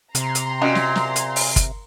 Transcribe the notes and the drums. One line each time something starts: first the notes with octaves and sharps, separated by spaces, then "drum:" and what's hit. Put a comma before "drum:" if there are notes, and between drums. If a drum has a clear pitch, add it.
C3 A#5 C6, drum: hi-hat
drum: hi-hat
A#2 C#4 F#4 D#5
drum: snare
drum: snare
drum: hi-hat
drum: open hi-hat
drum: kick G1, hi-hat